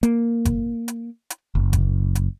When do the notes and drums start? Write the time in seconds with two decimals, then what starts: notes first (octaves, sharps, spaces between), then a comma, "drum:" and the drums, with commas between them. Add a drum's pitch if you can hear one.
0.03 A#3, drum: hi-hat
0.45 drum: kick G1, hi-hat
0.88 drum: hi-hat
1.30 drum: hi-hat
1.55 F#1
1.73 drum: kick G1, hi-hat
2.15 drum: hi-hat